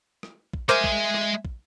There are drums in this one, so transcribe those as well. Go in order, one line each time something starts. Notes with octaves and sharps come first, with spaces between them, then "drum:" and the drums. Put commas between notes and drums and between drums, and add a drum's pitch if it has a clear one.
drum: rim click
drum: kick
G#3 A#4 C5 E5 G#5 D6
drum: kick
drum: rim click
drum: kick